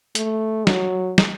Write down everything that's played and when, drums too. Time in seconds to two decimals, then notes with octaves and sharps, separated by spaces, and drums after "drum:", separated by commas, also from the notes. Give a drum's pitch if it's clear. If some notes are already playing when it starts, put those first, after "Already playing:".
0.15 A3, drum: hi-hat
0.67 F#3, drum: snare
1.18 drum: snare